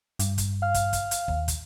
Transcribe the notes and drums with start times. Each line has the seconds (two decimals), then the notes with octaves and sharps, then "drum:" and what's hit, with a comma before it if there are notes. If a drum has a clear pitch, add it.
0.19 G2, drum: hi-hat
0.38 drum: kick, hi-hat
0.62 F5 F6
0.74 drum: kick, hi-hat
0.93 drum: kick, hi-hat
1.11 drum: hi-hat
1.28 D#2, drum: kick
1.48 drum: kick, hi-hat